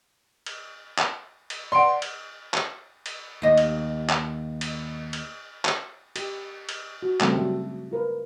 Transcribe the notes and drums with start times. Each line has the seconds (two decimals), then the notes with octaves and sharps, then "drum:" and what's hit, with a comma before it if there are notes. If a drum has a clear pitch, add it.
0.46 drum: cymbal
0.98 drum: clap
1.50 drum: cymbal
1.72 D5 F#5 C6 D7
2.02 drum: cymbal
2.54 drum: clap
3.06 drum: cymbal
3.42 D#2 D#5
3.58 drum: cymbal
4.09 drum: clap
4.61 drum: cymbal
5.13 drum: cymbal
5.65 drum: clap
6.16 G4, drum: cymbal
6.69 drum: cymbal
7.03 F#4
7.20 C#3 F3 G3 A3 C4, drum: clap
7.36 F#3
7.91 F4 A#4 B4